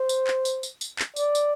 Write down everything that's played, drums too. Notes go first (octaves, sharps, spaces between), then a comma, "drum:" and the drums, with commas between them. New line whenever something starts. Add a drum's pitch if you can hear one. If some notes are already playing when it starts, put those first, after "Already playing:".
Already playing: C5
drum: tambourine
drum: clap
drum: tambourine
drum: tambourine
drum: tambourine
drum: clap
D5, drum: tambourine
drum: tambourine